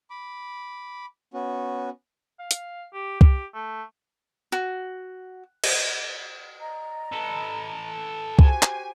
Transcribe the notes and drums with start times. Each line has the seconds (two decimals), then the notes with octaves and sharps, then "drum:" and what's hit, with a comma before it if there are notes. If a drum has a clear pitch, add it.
0.10 B5 D6
1.34 B3 C#4 F#4
2.39 F5
2.51 drum: hi-hat
2.93 G4
3.21 G4, drum: kick C2
3.54 A3
4.52 F#4
5.64 drum: cymbal
6.61 D5 D#5 A#5
7.12 A4 B4
8.39 F#4 G4 C5 G#5, drum: kick C2
8.63 drum: clap